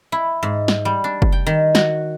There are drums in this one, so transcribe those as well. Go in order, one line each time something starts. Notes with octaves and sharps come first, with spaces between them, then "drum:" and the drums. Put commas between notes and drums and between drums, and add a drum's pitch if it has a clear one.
E4
G#2
drum: snare
G3
D4
drum: kick
G5
D#3
F#4, drum: snare